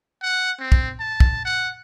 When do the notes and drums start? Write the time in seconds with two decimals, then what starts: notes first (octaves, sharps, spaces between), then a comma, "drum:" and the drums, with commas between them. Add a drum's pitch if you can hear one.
0.22 F#5
0.60 C4
0.72 drum: kick
1.00 A5
1.20 drum: kick
1.45 F#5